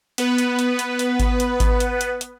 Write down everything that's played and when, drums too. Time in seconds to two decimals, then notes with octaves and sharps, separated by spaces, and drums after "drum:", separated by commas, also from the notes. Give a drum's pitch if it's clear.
0.18 B3 B4, drum: hi-hat
0.38 drum: hi-hat
0.59 drum: hi-hat
0.79 drum: hi-hat
0.99 drum: hi-hat
1.20 drum: kick G#1, hi-hat
1.40 drum: hi-hat
1.60 drum: kick G#1, hi-hat
1.80 drum: hi-hat
2.01 drum: hi-hat
2.21 drum: hi-hat